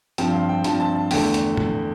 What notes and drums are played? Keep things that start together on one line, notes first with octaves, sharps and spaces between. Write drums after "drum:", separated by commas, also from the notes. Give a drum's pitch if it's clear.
G2 F3 C4 G5, drum: hi-hat
F5
G5
G2 F3 C4 A5, drum: hi-hat
A5
A5
E2 D3 A3 G5, drum: open hi-hat
drum: hi-hat
drum: tom